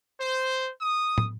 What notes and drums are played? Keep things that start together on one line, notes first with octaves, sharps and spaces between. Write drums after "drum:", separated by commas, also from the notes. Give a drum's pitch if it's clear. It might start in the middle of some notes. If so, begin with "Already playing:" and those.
C5
D#6
drum: tom